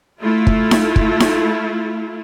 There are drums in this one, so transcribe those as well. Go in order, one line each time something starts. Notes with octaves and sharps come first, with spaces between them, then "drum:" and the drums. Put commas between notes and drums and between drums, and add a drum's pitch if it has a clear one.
A3 E4 F4
drum: kick
drum: snare D#4
drum: kick
drum: snare D#4